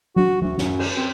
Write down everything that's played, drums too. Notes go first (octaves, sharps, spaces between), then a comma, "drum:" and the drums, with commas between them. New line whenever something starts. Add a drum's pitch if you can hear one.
F#4, drum: tom F#3
D2, drum: tom F#3
F#2, drum: snare
drum: cymbal
C4